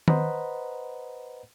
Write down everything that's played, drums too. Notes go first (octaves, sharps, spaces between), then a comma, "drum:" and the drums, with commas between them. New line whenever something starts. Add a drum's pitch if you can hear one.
B4 C5 D#5 F#5 A#5 B5, drum: tom D#3